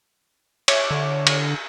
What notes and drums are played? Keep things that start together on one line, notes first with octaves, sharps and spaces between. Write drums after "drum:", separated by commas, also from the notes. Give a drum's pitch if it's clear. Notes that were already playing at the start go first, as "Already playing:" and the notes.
C#5 E5 D6, drum: cymbal
D3
drum: cymbal